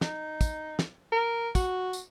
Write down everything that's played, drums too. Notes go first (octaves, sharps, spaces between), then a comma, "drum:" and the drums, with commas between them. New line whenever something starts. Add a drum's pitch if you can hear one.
D#4, drum: snare
drum: kick, tambourine
drum: snare
A#4
F#4, drum: kick, tambourine
drum: tambourine